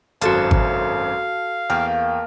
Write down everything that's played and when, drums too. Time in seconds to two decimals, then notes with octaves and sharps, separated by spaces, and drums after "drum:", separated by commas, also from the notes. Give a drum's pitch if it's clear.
0.21 G#1 F#2 F#4 A4 C5 F5 A5, drum: hi-hat
0.51 drum: kick G#1
1.70 E2 A3 A#3 G5 F6